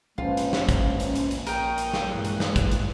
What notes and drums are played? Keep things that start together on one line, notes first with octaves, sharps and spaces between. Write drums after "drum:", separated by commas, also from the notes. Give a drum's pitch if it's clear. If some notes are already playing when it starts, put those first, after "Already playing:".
A#1 G#2 C#4 F4 B4 C5
drum: hi-hat
drum: snare
drum: kick, hi-hat
drum: hi-hat
drum: hi-hat
drum: hi-hat
A#4 G5 C#6 D#6 G6, drum: hi-hat
drum: hi-hat
drum: snare
G2 A#2 E3 G#3 F#6
drum: hi-hat
drum: snare
drum: kick, hi-hat
drum: hi-hat